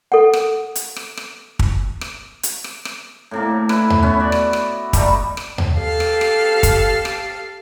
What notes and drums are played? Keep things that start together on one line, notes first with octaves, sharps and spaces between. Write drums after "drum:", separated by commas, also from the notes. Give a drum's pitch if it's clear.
A4 F#5
drum: rim click
drum: hi-hat
drum: rim click
drum: rim click
drum: kick
drum: rim click
drum: hi-hat
drum: rim click
drum: rim click
A2 C3 A#3
E4 B4 E5, drum: rim click
drum: tom D#2
B3 C#4 E5
F#4 D5
drum: rim click
drum: rim click
G3 A3 D#4, drum: kick, hi-hat
drum: rim click
drum: tom D#2
G4 A4 F5
drum: rim click
drum: rim click
drum: kick, hi-hat
drum: rim click